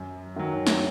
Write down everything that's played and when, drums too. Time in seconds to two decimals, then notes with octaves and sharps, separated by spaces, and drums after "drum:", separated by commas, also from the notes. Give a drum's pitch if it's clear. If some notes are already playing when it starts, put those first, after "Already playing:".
Already playing: F#2
0.36 D#3 F#3
0.67 drum: snare